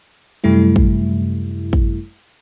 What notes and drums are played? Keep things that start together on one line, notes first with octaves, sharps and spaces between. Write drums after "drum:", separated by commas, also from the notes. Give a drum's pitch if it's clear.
F#2 C3 G3 A3 E4
drum: kick
drum: kick